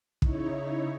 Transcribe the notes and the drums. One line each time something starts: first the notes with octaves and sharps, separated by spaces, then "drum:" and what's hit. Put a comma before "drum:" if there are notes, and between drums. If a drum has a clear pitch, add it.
C#3 D#4 E4 C#5, drum: kick